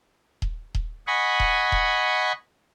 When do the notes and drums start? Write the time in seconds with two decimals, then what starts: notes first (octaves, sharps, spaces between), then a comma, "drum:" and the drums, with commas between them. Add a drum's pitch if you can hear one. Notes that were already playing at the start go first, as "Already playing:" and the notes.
0.42 drum: kick D#1
0.75 drum: kick D#1
1.07 D#5 F#5 G#5 B5 C#6
1.40 drum: kick D#1
1.72 drum: kick D#1